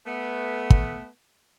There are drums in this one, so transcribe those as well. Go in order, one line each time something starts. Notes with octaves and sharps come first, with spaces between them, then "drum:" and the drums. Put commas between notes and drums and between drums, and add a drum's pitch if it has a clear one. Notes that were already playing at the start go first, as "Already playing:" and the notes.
A3 B3
drum: kick